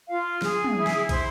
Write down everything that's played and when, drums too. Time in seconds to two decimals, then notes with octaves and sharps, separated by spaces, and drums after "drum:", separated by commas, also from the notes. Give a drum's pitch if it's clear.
0.09 F4 F5
0.42 G#4, drum: snare
0.64 drum: tom
0.76 E4
0.87 drum: snare
1.09 C5, drum: kick, cymbal